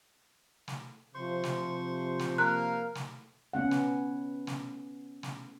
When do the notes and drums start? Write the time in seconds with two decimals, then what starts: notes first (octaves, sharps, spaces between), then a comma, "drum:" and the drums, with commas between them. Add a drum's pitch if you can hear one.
0.68 drum: snare
1.15 C3 F3 C5 C6 C#6
1.44 drum: snare
2.19 drum: snare
2.38 A#3 F5 F#6
2.95 drum: snare
3.53 B3 C#4 F#5
3.71 drum: snare
4.47 drum: snare
5.23 drum: snare